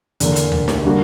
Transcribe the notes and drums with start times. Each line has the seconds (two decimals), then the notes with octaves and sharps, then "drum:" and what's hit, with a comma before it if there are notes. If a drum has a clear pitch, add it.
0.20 E2 D3 A#3, drum: hi-hat
0.36 drum: hi-hat
0.52 drum: tom D2
0.68 drum: snare
0.83 D3 G3 A#3 D4 F#4